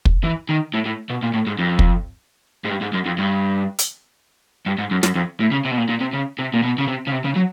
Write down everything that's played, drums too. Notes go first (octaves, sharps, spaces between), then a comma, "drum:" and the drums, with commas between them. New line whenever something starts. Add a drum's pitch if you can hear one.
drum: kick
E3
D#3
A2
A2
B2
A#2
A2
G#2
F2
drum: kick
G#2
G2
G#2
F#2
F2
G2
drum: hi-hat
G2
G#2
F#2
F#2, drum: snare
F2
A2
C#3
C3
B2
A#2
A#2
C3
C#3
C3
A#2
B2
C#3
C3
C#3
C3
C#3
F#3